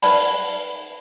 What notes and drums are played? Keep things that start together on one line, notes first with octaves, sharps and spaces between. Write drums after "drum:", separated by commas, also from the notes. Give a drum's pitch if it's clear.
D#4 B4 C5 D5 A5 B5, drum: open hi-hat